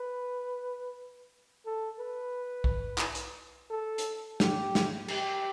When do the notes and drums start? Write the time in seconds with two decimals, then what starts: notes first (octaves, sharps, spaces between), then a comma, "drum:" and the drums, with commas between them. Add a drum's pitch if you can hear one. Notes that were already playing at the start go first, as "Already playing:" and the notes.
Already playing: B4
1.66 A4
1.99 B4
2.64 drum: kick
2.98 drum: clap
3.15 drum: hi-hat
3.70 A4
3.98 drum: hi-hat
4.40 G4, drum: snare
4.75 drum: snare
5.08 G4, drum: cymbal